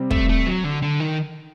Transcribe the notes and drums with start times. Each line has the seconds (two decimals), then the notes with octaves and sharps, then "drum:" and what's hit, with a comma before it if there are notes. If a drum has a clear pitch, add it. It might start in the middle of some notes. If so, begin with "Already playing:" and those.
Already playing: C3 G3 C4
0.11 A3, drum: kick
0.29 A3
0.46 F#3
0.64 D3
0.82 D3
1.00 D#3